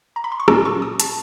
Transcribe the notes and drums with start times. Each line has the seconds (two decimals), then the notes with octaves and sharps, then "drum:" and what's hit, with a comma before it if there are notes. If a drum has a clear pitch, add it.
0.16 A#5
0.24 B5
0.32 C6
0.40 C#6
0.48 A#2 F#3 A#3 C#4 D6, drum: rim click
0.65 C#6
0.82 D#6
1.00 A5, drum: hi-hat